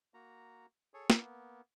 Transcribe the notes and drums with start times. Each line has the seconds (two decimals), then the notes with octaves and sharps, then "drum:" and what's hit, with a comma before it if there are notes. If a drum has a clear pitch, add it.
0.14 A#3 F#4 A#5
0.94 G#4 A4 C#5
1.10 A#3 B3, drum: snare